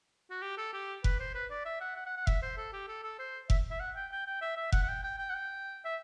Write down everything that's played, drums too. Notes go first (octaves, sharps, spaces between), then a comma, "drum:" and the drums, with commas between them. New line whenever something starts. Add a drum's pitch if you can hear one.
F#4
G4
A4
G4
B4, drum: kick F1
C5
B4
D5
E5
F#5
F#5
F#5
F#5
E5, drum: kick F1
C5
A4
G4
A4
A4
C5
E5, drum: kick F1
E5
F#5
G5
G5
G5
E5
E5
F#5, drum: kick F1
F#5
G5
G5
G5
F#5
G5
E5